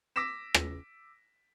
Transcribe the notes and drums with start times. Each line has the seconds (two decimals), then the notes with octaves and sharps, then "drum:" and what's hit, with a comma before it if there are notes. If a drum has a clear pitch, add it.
0.16 D6 E6 A#6 B6 E7
0.54 drum: rim click